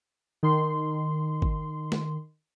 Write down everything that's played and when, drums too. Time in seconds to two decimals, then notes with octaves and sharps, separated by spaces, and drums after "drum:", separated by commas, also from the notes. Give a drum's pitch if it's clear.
0.43 D#3 C6
1.42 drum: kick
1.92 drum: snare